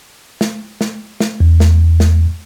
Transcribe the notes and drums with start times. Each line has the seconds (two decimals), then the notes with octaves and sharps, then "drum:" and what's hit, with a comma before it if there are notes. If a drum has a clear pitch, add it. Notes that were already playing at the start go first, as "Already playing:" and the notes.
0.41 drum: snare
0.81 drum: snare
1.20 drum: snare
1.40 E2
1.60 drum: snare
2.00 drum: snare